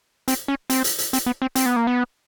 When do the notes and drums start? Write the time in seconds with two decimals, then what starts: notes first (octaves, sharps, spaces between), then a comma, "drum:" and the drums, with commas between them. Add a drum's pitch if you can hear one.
0.28 C4, drum: hi-hat
0.48 C#4
0.70 C4, drum: hi-hat
0.84 drum: hi-hat
0.98 drum: hi-hat
1.13 C4, drum: hi-hat
1.26 B3
1.42 C4
1.55 C4, drum: hi-hat
1.66 B3
1.76 A#3
1.87 B3